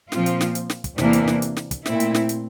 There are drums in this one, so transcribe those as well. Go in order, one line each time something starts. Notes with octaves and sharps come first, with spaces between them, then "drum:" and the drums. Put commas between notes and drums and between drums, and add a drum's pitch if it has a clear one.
A#2 F3 C4 F4, drum: snare
drum: hi-hat
drum: snare
drum: hi-hat
drum: snare
drum: kick, hi-hat
E2 C3 E3 A#3 D4, drum: snare
drum: hi-hat
drum: snare
drum: hi-hat
drum: snare
drum: kick, hi-hat
A#2 A3 C4 E4, drum: snare
drum: hi-hat
drum: snare
drum: hi-hat